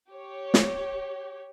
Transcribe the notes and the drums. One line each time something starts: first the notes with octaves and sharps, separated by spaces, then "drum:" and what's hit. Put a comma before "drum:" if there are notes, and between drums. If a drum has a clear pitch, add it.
G4 C#5
drum: snare